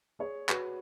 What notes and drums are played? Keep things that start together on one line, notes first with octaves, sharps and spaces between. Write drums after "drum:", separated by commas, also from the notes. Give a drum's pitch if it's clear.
G#4 C#5
F#4 B4, drum: clap